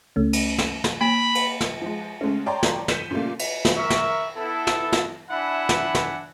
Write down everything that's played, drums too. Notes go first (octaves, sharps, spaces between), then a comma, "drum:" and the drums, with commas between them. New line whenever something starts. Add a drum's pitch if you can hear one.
C#2 A3 C#4
drum: cymbal
drum: snare
drum: snare
A#3 G#5 B5 D7
drum: cymbal
drum: snare
F3 G#3
C#3 G#3 A3 C#4
C#5 D5 G5 A5 A#5 C6
drum: snare
G6 B6 C#7 D#7 E7, drum: snare
A#2 C#3 G3 A3 A#3
drum: cymbal
drum: snare
A#4 E5 C#6
drum: snare
B3 E4 A4
drum: snare
drum: snare
D4 E4 E5 F#5 G#5 B5
drum: snare
drum: snare